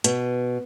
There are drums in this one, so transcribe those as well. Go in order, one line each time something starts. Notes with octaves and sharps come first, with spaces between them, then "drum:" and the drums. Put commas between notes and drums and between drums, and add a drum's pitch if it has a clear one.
B2, drum: hi-hat